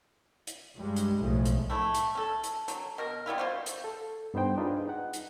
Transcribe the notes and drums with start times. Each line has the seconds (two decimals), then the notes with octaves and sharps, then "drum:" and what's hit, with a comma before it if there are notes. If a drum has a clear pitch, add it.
0.47 drum: hi-hat
0.76 G2 G3 G#3
0.96 drum: hi-hat
1.19 B1 A2 F3 G#3 A3
1.45 drum: hi-hat
1.70 A3 E4
1.94 drum: hi-hat
2.15 C#4 A4
2.43 drum: hi-hat
2.68 F#3, drum: hi-hat
2.98 B2 A#4
3.26 G3 B3 E4 F4
3.38 F4 F#4 C5
3.66 drum: hi-hat
3.84 A4
4.34 G2 B3 D#4 C5 G5
4.57 D4 D#4 F4 G#4 B4
4.86 D#4 F#5
5.13 drum: hi-hat